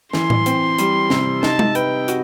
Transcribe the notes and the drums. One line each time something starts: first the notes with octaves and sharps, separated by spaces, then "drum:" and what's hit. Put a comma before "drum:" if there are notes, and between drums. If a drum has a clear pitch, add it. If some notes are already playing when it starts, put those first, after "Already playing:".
E3 C6, drum: snare
drum: tom A2
C4, drum: hi-hat
G3, drum: hi-hat
C3, drum: snare
D#4 A5, drum: snare
drum: tom G#3
B4 G5, drum: hi-hat
F#4, drum: hi-hat